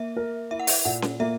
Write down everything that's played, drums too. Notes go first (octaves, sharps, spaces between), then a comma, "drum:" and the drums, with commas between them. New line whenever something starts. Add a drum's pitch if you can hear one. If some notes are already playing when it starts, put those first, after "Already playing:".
Already playing: A#3 E5
A#4
E4 E5
F#5
E5, drum: open hi-hat
A#2 F#5
drum: snare C#4
A#3 E5